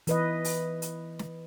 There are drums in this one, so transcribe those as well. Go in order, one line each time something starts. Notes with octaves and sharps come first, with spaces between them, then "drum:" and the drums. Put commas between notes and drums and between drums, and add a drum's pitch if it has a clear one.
E3 B4 D#5, drum: hi-hat
drum: open hi-hat
drum: hi-hat
drum: snare